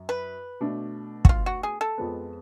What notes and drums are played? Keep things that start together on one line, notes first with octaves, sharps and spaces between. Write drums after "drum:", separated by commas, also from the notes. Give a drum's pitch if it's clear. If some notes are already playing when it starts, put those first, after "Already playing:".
Already playing: F#2
B4
B2 A3 D4
F#4, drum: kick
F4
F#4
G#4
A4
F2 F3 G#3 B3